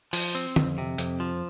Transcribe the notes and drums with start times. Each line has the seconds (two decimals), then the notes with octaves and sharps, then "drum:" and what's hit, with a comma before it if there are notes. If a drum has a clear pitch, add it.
0.13 F3, drum: open hi-hat
0.35 C4
0.56 F2, drum: tom
0.78 C3
0.98 F2, drum: hi-hat
1.20 F3